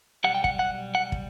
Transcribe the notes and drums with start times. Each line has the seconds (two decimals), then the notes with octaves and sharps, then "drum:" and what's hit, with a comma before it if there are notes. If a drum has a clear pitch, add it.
0.24 B1 B2 G3 F#5
0.35 G5
0.44 F#5, drum: kick
0.59 F#5
0.95 F#5
1.12 drum: kick